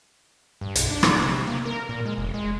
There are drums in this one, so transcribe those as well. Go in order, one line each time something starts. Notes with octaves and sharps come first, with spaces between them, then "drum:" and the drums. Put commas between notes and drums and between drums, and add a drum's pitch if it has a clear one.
G2
B1, drum: hi-hat
D4
drum: rim click
C3
A#3
A#4
A#2
G#3
F1
G#3